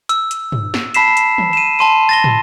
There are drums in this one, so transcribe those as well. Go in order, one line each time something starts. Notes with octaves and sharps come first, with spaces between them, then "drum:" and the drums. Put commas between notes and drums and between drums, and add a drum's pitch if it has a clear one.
E6, drum: hi-hat
drum: hi-hat
drum: tom
drum: snare
A5 B5 B6 C7 E7, drum: hi-hat
drum: hi-hat
drum: tom D#3
D#7 E7
A5 C6 D#7
A6 A#6 G7
drum: tom